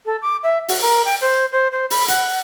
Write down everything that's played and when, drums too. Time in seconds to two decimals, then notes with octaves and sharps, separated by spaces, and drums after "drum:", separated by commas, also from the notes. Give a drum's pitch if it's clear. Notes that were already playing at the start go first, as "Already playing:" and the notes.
0.06 A4
0.22 D6
0.43 E5
0.68 F#4, drum: open hi-hat
0.81 A#4
1.05 G5
1.21 C5
1.52 C5
1.72 C5
1.90 B5, drum: open hi-hat
2.08 F#5, drum: hi-hat